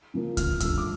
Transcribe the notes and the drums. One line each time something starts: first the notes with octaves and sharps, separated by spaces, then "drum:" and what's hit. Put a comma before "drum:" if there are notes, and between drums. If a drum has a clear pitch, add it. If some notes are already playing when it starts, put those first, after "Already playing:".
C#3 F3 A#3
A1 F6, drum: kick C#2, hi-hat
G2 F3 A3 E6, drum: kick C#2, hi-hat
D6